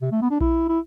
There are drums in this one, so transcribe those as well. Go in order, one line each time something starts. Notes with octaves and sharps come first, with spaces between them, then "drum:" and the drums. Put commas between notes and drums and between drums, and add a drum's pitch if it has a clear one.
C3
A3
B3
D4
E4, drum: kick A#1
E4